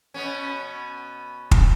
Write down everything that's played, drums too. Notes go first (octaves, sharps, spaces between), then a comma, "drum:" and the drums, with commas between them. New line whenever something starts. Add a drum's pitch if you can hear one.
B2 B3 C#4
drum: kick